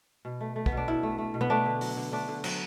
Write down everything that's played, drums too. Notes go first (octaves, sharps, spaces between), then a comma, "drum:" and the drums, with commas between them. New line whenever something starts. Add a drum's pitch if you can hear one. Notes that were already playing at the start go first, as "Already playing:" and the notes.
B2
A3
A3
B3, drum: kick
B2
D4
B2 E4
A3
A3
B2
B3
A3 D4
D3
F#3, drum: open hi-hat
D3
A3 D4
D3
F#3, drum: cymbal